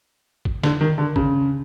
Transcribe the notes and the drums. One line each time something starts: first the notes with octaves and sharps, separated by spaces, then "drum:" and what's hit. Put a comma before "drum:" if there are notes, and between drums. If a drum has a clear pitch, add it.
drum: kick
D3, drum: snare
D#3
D3
C#3, drum: kick